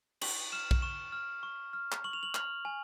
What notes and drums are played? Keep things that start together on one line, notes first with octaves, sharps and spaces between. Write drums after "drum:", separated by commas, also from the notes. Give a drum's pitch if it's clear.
C#6 F#7, drum: cymbal
F6 E7
drum: kick B1
C#6 E7
F6
C#6
F6
drum: clap
C#6 F#7
F7
F#7
F6, drum: clap
G#5